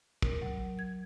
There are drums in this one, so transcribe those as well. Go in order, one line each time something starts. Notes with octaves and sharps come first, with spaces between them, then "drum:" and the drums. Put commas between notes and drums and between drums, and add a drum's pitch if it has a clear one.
A#4, drum: kick
F#3
G#6